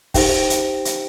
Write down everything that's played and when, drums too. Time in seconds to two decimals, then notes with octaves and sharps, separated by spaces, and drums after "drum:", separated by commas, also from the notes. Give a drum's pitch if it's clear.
0.14 D#4 G4 C5 G5, drum: kick, open hi-hat
0.50 drum: hi-hat
0.85 drum: hi-hat